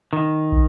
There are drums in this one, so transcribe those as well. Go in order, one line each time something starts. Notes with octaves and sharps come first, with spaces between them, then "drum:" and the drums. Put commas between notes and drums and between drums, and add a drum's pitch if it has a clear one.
D#3
drum: kick